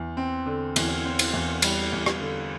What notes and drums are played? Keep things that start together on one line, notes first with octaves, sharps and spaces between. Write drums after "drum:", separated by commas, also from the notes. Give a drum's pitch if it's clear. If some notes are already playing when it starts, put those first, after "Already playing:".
Already playing: E2
C4
D3
E2, drum: cymbal
C4
drum: cymbal
E2
G3, drum: cymbal
E2
drum: rim click
D3